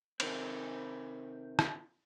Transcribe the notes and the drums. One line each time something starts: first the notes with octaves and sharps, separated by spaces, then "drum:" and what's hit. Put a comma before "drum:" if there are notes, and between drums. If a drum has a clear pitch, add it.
C3 D#3 C4, drum: cymbal
drum: rim click